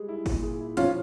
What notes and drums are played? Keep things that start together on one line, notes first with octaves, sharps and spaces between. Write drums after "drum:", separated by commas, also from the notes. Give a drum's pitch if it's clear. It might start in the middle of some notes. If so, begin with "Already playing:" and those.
Already playing: G3 G#3 G#4
E4
A#2, drum: kick G1, open hi-hat
G#4
E4
F3 C#4 F4, drum: hi-hat